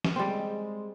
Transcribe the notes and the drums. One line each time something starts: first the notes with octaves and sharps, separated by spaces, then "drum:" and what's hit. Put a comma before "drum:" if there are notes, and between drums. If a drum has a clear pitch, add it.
drum: snare
G3 G#3 C4